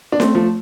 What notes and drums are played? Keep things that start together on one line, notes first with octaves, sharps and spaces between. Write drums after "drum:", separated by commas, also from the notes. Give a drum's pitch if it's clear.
D4
A3 C4, drum: snare C#4
F3 A3